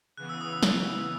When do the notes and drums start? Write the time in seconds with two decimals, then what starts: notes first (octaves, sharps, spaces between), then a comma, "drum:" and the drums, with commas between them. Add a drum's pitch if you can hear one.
0.17 C#3 E3 B3 F#6
0.29 E6
0.41 D#6
0.53 E6
0.63 drum: snare